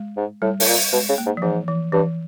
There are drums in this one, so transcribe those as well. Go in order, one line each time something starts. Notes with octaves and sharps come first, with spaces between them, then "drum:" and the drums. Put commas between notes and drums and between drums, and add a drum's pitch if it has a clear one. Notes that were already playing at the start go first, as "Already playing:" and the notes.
Already playing: G#3
G#2
A2 G3
A2, drum: open hi-hat
A#2
B2 G#3
C#3
A#3
G#2
F3
G#2 E3
E3
G2 E3